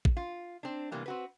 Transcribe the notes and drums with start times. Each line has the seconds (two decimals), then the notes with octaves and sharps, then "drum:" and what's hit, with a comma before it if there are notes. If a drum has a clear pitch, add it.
0.05 drum: kick A1
0.17 F4
0.63 C4 D4
0.92 C3 E3 G3 A#3 B3
1.06 C4 F#4 B4